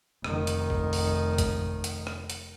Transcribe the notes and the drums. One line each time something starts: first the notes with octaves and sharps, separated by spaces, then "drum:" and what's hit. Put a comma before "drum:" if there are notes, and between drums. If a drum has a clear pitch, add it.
F1 D#3, drum: rim click
drum: hi-hat
drum: kick
drum: open hi-hat
drum: kick, hi-hat
drum: hi-hat
drum: rim click
drum: hi-hat